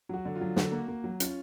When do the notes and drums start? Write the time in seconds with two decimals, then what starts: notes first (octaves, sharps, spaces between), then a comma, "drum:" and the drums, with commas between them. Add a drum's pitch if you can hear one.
0.09 F#3 F#4
0.25 D3
0.35 F4
0.41 F#3
0.56 D3 F#4, drum: snare
0.72 A#3
0.88 A#3
1.04 F#3
1.20 C#4 F4, drum: hi-hat